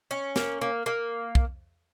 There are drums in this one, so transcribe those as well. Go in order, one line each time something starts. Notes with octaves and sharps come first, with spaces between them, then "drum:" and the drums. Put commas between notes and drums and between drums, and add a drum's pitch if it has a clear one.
C#4
A#3, drum: snare
A#3
A#3
drum: kick